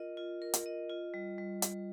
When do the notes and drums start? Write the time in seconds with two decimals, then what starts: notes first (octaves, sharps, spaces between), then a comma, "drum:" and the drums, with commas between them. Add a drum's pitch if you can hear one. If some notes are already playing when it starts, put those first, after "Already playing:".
Already playing: F4 A#4 D#5
0.17 F4
0.42 A#4
0.54 drum: hi-hat
0.66 D#5
0.90 F4
1.14 G3
1.38 G3
1.62 G3, drum: hi-hat